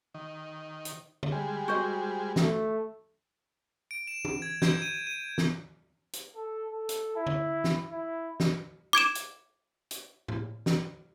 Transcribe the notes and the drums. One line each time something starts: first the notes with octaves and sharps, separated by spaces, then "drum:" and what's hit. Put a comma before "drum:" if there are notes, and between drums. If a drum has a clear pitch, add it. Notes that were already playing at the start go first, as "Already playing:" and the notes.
D#3
drum: hi-hat
drum: tom D3
G3 G#3
F#4 C5 D#5
A3, drum: snare
D7
E7
drum: tom
G#6
G6, drum: snare
D#7
D#7
drum: snare
drum: hi-hat
A4
A4
drum: hi-hat
E4
drum: tom D3
drum: snare
E4
drum: snare
D6 G#6 D7 E7
drum: hi-hat
drum: hi-hat
drum: tom A2
drum: snare